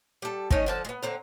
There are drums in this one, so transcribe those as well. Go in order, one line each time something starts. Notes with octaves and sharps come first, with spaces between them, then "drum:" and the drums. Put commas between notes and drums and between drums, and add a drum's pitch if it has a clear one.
G3 A4
D#3 A3 C#4 D#4, drum: kick
D3 F3 A5
G#3 B3
D3 C4 A#5